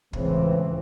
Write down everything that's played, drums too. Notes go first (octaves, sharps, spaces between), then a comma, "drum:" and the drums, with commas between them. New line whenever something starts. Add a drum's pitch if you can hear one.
C#2 A2 C#3 E3 C4, drum: kick